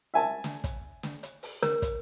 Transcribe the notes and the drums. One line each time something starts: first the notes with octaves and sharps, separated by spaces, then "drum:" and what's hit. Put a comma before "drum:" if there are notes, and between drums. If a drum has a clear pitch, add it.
E5 G#5 A5
drum: snare
drum: kick, hi-hat
drum: snare
drum: hi-hat
drum: open hi-hat
A#4, drum: snare
drum: kick, hi-hat